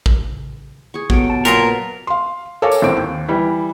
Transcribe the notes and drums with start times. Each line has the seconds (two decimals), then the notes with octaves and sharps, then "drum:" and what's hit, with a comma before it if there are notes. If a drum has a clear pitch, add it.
0.06 drum: kick A1
0.94 G#4 C#6
1.10 F#3 B3 G4 A4 D7, drum: kick A1
1.30 A5
1.45 A#2 F#3 B3 A#4 G#5, drum: hi-hat
2.07 F5 C6
2.62 A4 A#4 C#5 F5 G#5 D6
2.72 drum: tambourine
2.82 G#1 A2 C4 D7
2.97 D#2
3.28 E3 G3